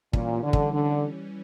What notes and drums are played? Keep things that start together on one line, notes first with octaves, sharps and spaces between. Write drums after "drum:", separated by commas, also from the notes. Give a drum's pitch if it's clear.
A#2 E3 G3 C#4, drum: kick
D3
drum: kick
D3